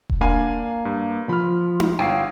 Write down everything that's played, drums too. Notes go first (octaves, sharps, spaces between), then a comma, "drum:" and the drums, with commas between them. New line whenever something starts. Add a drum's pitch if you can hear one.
drum: kick E1
A#3 D4 F5 G#5
G2
F3 B5 F6
drum: tom D#4
G1 C#5 F5 G5 C7